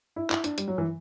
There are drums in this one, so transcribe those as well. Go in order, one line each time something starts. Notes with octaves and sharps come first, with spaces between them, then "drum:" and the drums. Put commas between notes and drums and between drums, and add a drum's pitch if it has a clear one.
E4
E4, drum: clap
D4, drum: hi-hat
G3, drum: hi-hat
F#3
E3